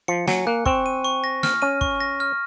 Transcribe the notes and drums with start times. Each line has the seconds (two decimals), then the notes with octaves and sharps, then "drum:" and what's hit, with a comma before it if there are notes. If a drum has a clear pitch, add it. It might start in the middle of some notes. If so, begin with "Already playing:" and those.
0.08 F3 C#7
0.27 F#3 G#5, drum: snare
0.47 A#3 F#6
0.66 C4 C#6, drum: kick
0.86 D#7
1.04 C#6
1.24 A#6
1.43 F6, drum: snare
1.62 C#4 D#7
1.81 C#6, drum: kick
2.01 A#6
2.20 F6